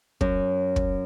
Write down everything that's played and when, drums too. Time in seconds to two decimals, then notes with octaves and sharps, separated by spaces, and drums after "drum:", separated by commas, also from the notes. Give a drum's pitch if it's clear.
0.21 F#2, drum: kick
0.76 drum: kick